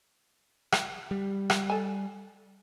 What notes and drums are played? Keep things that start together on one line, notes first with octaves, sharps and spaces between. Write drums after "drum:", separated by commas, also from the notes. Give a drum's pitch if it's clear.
drum: rim click
G3
drum: rim click
A4 G#5